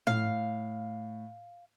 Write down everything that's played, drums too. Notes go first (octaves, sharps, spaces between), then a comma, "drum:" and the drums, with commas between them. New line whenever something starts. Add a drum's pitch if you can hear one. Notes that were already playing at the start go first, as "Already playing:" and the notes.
A2 F5, drum: tom